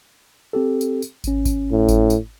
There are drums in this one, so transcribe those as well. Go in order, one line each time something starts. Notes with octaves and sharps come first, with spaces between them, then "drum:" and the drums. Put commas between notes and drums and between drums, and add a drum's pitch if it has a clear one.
C4 G4 A4
drum: tambourine
drum: tambourine
G#1 C#4, drum: tambourine
drum: kick G#1, tambourine
A2
drum: kick G#1, tambourine
drum: tambourine